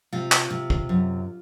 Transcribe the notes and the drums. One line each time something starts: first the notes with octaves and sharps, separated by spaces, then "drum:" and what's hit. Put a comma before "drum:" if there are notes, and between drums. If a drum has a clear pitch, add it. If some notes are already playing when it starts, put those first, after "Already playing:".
C3 F4
drum: clap
C3
drum: kick
F#2